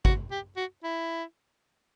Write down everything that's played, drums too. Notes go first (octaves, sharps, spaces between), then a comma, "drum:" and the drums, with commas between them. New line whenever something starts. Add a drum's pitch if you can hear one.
F#4, drum: kick G#1
G4
F#4
E4